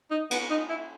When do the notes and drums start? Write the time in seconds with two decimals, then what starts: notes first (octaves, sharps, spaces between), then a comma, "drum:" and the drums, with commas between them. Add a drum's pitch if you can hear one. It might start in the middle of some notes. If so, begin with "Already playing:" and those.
0.11 D#4
0.31 B3, drum: cymbal
0.50 D#4
0.69 E4